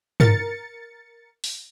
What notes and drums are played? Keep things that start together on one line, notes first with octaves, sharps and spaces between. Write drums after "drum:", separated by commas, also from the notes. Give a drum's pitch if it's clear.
A#4 A6 C#7, drum: tom
drum: open hi-hat